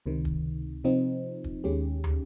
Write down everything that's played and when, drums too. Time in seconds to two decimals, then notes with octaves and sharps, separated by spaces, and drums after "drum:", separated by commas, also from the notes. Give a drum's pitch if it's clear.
0.06 C#2 C3 D#3
0.25 drum: kick
0.84 C3 F3 C4 D#4
1.44 drum: kick
1.64 D#2 D#3 G#3 C#4 G4
2.04 drum: tom